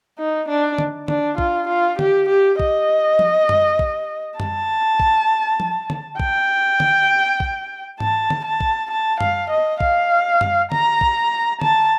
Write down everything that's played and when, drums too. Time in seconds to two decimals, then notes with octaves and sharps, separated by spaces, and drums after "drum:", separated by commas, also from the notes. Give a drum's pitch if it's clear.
0.18 D#4
0.49 D4
0.78 drum: tom D3
1.08 D4, drum: tom D3
1.38 F4, drum: kick
1.68 F4
1.99 G4, drum: tom D3
2.29 G4
2.60 D#5, drum: kick
3.19 drum: tom F3
3.49 drum: tom F#2
3.79 drum: kick
4.40 A5, drum: tom F#2
5.00 drum: kick
5.60 drum: tom F3
5.90 drum: tom D3
6.20 G5, drum: kick
6.80 drum: tom D3
7.40 drum: kick
8.00 A5, drum: tom G#2
8.30 drum: tom D3
8.45 A5
8.60 drum: kick
8.91 A5
9.20 F5, drum: tom F#2
9.50 D#5
9.80 F5, drum: kick
10.41 drum: tom F#2
10.72 A#5, drum: tom D3
11.01 drum: kick
11.62 A5, drum: tom D3